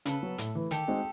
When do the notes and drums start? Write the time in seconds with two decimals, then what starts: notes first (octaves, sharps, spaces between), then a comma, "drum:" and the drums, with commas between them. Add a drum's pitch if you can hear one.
0.05 C#3 A4 B4, drum: hi-hat
0.22 F#3 B3
0.38 A2, drum: hi-hat
0.55 E3 A3
0.71 D#3 G4 A4, drum: hi-hat
0.88 G#3 C4 D#4 F#4